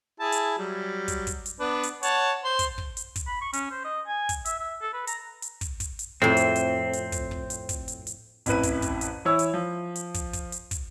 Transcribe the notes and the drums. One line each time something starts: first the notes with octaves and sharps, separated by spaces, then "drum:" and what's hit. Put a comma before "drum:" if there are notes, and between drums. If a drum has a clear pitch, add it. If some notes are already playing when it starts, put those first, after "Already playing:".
E4 G#4 A5
drum: hi-hat
F#3 G3
drum: kick, hi-hat
drum: kick, hi-hat
drum: hi-hat
B3 D4 B4
drum: hi-hat
C#5 F#5 A5, drum: hi-hat
C5 C6
drum: kick, hi-hat
drum: kick
drum: hi-hat
drum: kick, hi-hat
B5
C#6
C#4, drum: hi-hat
C5
D#5
G#5
drum: kick, hi-hat
E5, drum: hi-hat
E5
A4
B4
A#5, drum: hi-hat
drum: hi-hat
drum: kick, hi-hat
drum: kick, hi-hat
drum: hi-hat
F2 A2 C4
drum: hi-hat
drum: hi-hat
drum: hi-hat
drum: kick, hi-hat
drum: kick
drum: hi-hat
drum: kick, hi-hat
drum: hi-hat
drum: hi-hat
A1 F2 E4 B4 D#7, drum: hi-hat
drum: kick, hi-hat
drum: kick, hi-hat
drum: hi-hat
E3 E4 C#5 E6
drum: hi-hat
F3
drum: hi-hat
drum: kick, hi-hat
drum: kick, hi-hat
drum: hi-hat
drum: kick, hi-hat